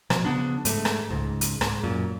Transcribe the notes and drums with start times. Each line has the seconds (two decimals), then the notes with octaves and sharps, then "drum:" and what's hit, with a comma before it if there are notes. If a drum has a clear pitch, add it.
0.10 B2 F3, drum: rim click
0.25 C#3 F3 B3 D4
0.65 G#2 A3, drum: hi-hat
0.85 drum: rim click
1.11 C#2 G#2
1.41 drum: hi-hat
1.61 G#2, drum: rim click
1.84 F#2 A#2